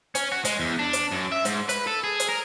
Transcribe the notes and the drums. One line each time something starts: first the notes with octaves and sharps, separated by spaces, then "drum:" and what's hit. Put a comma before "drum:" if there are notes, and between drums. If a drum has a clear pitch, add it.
C#4, drum: hi-hat
F#4
G#3, drum: hi-hat
E2
D4
drum: hi-hat
F#2
E5
G#2, drum: hi-hat
B4, drum: hi-hat
A4
G#4
drum: hi-hat
A#4